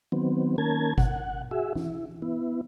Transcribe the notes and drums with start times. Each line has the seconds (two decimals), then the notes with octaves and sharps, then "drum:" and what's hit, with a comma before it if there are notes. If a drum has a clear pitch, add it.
0.12 D#3 F#3 B3 C4
0.58 D#3 A#3 C#4 A#4 A5 G#6
0.98 F#5, drum: kick G1
1.51 F#4 G#4 E5
1.75 E4, drum: tom E3
2.22 B3 E4